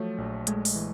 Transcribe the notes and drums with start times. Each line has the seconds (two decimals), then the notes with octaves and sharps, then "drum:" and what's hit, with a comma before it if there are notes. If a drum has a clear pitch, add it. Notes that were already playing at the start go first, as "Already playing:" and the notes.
Already playing: F3 F#3 A3
0.18 A#1
0.47 G#3 A3, drum: hi-hat
0.65 drum: open hi-hat
0.75 E3